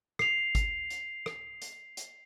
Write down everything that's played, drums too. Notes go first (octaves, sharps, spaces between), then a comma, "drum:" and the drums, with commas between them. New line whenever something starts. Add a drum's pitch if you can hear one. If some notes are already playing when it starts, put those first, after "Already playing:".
C7 F7, drum: rim click
drum: kick G#1, hi-hat
drum: hi-hat
drum: rim click
drum: hi-hat
drum: hi-hat